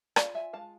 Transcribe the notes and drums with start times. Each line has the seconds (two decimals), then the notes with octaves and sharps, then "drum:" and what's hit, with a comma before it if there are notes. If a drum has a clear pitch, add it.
0.16 F4 D5 F5, drum: rim click
0.35 E5 G#5
0.53 G#3 F5 A5